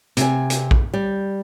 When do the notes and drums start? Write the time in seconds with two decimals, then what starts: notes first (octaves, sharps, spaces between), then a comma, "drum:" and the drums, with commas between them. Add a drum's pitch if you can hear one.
0.17 C3 G#5, drum: hi-hat
0.50 drum: hi-hat
0.71 drum: kick A#1
0.94 G3